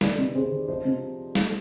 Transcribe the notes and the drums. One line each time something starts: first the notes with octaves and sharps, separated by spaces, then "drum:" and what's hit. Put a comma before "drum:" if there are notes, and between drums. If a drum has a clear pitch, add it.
D#3 B4 D5, drum: snare
C3
C3 G#4 C5
D#3
F3 C5 D#5
C3
drum: snare